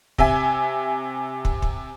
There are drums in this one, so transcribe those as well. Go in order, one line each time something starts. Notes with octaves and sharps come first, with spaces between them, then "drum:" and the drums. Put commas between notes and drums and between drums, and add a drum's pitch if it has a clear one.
C3 E5 G#5, drum: kick
drum: kick
drum: kick